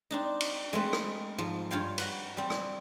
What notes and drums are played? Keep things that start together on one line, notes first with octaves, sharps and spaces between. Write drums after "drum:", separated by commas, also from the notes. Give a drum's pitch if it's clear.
C4 D4 D#4
drum: cymbal
G#3 A3 C4 B4
drum: rim click
G#2 F3
G2 F4 C#5 F5 G5 C6
B4 F#5 A#5, drum: cymbal
G3 C4
drum: rim click